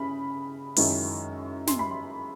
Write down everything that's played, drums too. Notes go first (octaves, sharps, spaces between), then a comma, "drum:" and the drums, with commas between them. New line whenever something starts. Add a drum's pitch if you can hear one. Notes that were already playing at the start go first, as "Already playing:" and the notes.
Already playing: C#3 B5
F#2 D#3 G#3 C#4 E4, drum: open hi-hat
C6, drum: snare
B5
C6